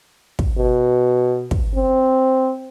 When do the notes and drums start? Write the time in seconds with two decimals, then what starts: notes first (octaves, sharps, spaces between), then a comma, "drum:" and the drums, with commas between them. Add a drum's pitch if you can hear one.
0.39 drum: kick
0.57 B2
1.51 drum: kick
1.75 C4